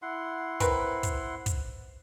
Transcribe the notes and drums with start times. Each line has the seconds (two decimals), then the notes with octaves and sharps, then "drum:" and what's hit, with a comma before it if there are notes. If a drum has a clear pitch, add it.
0.02 E4 F#5 C6
0.60 C4 A#4 B4, drum: kick, hi-hat
1.03 drum: kick, hi-hat
1.46 drum: kick, hi-hat